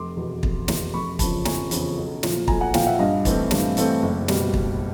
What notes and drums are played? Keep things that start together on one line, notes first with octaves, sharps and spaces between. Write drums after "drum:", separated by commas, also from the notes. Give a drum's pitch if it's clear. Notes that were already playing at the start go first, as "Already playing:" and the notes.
Already playing: F1 C6 D6
E2 B2
F1, drum: kick
E2 B2, drum: snare
F1 B5 C#6
E2 C#3 F3 A5 B5, drum: kick, hi-hat
F1 G#5 A#5, drum: snare
E2 C#3 F3, drum: hi-hat
B1
A#2 F3, drum: snare
B1 G#5 A#5, drum: kick
F#5 G#5
A#2 F3 F5 G5, drum: snare
E5 F#5
G2 D#5 F5
E3 A3 C4, drum: kick, hi-hat
G2, drum: snare
E3 A3 C4, drum: hi-hat
F#1
B2 G3, drum: snare
drum: kick